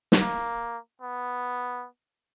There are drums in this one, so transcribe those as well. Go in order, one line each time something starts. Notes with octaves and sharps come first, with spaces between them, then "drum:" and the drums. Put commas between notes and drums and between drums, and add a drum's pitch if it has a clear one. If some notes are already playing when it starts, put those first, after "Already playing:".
drum: snare
A#3
B3